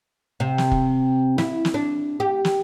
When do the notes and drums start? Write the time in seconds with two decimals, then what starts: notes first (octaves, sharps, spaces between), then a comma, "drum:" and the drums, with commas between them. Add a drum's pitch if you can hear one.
0.40 C3
0.58 drum: snare
0.72 drum: kick
1.38 E4, drum: snare
1.65 drum: snare
1.74 D4
2.20 G4
2.45 drum: snare